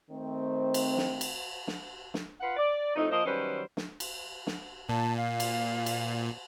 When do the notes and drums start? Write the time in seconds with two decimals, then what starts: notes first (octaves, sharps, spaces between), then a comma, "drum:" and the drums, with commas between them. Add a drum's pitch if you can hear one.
0.10 D#3 A3 C4
0.74 drum: cymbal
0.98 drum: snare
1.21 drum: cymbal
1.67 drum: snare
2.14 drum: snare
2.40 F4 B4 F5 F#5
2.57 D5
2.95 F2 A2 A3 D#4
3.10 F3 A#3 A#4 C5 D#5
3.24 D#3 F#3 G3 C#4 B4 C5
3.77 drum: snare
4.00 drum: cymbal
4.47 drum: snare
4.89 A#2 A5
5.17 F5
5.40 drum: cymbal
5.86 drum: cymbal